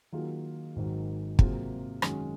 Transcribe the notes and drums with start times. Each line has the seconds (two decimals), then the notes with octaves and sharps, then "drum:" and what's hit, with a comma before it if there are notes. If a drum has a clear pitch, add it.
0.12 D#3 F#3 A#3 F4 G#4
0.76 G#1 G#2 D#3 F#3
1.39 C3 F#3 A#3 F4 G#4, drum: kick
2.02 F#2 D#3 G#3 C#4 F#4, drum: rim click